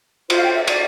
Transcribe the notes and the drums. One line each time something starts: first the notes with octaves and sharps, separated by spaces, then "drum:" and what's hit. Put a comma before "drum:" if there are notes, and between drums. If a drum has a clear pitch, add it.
F4 C5, drum: cymbal
F5
G5
E5
D5, drum: cymbal